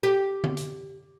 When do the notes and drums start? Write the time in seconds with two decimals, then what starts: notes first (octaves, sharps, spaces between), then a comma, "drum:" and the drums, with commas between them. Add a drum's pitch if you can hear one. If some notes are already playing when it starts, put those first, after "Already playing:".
0.03 G4
0.44 drum: tom D3
0.57 drum: hi-hat